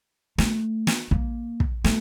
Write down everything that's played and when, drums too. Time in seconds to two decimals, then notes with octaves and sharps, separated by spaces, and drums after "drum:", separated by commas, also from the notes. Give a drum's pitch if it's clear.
0.38 A3, drum: snare
0.87 drum: snare
1.11 A#3, drum: kick
1.60 drum: kick
1.84 A3, drum: snare